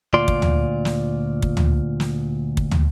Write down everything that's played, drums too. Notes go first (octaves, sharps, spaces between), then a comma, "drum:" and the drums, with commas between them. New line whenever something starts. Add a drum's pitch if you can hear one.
D2 A#2 F4 D5 C6
drum: kick
drum: tom
drum: snare
drum: kick
drum: tom
drum: snare
drum: kick
drum: tom